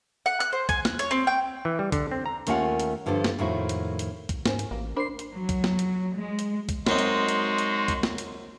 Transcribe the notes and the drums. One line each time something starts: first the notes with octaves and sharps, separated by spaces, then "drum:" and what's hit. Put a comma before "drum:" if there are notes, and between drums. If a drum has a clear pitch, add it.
F#5
F#6, drum: hi-hat
C5
G#5, drum: kick B1, hi-hat
F#6, drum: snare
C#5, drum: hi-hat
C4
G5
E3
G3
D3, drum: kick B1, hi-hat
C4
A#5
D#2 A3 C#4 F4 A#4 F#5, drum: hi-hat
drum: hi-hat
G2 D3 F3 G3 A4
drum: snare
F2 A2 D#3 E4 F#4
drum: hi-hat
drum: hi-hat
drum: kick B1, hi-hat
G#2 C#4 A#4 C5, drum: snare
drum: hi-hat
A1 A#3
D4 A#4 C5 B5 C6 C7
drum: hi-hat
F#3
drum: kick B1, hi-hat
drum: snare
drum: hi-hat
G#3
drum: hi-hat
drum: kick B1, hi-hat
F#2 G#3 C4 D#4 F#4 D#5 C6, drum: snare
drum: hi-hat
drum: hi-hat
drum: hi-hat
drum: kick B1, hi-hat
drum: snare
drum: hi-hat